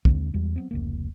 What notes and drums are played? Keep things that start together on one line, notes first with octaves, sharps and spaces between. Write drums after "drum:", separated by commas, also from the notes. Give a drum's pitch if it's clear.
D#2 D3 G#3 C4, drum: kick
E2 G3 G#3
F#3 B3 C4
F1 C#2 A#3